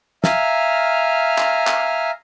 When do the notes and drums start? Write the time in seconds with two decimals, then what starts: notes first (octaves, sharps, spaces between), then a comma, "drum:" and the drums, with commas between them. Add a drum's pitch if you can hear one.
0.24 E5 F5 G#5 A#5 F6, drum: snare
1.38 drum: clap
1.67 drum: clap